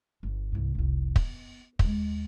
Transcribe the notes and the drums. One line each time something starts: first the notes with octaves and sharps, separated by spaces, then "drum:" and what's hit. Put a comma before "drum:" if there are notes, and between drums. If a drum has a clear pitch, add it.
G1
C2 G2
F1 C2
B3, drum: kick
D#2 G#3, drum: kick